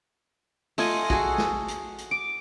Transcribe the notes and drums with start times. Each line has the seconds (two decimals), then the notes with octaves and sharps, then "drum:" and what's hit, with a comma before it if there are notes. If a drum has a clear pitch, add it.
0.78 A3 F4 D#5 G#5, drum: open hi-hat
1.10 F#4 G#4 A4, drum: kick
1.38 drum: snare
1.68 drum: hi-hat
1.98 drum: hi-hat
2.11 D6